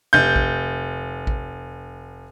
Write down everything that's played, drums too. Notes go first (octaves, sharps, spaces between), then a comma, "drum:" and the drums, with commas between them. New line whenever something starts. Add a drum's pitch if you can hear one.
F1 G6
drum: kick A1
drum: kick A1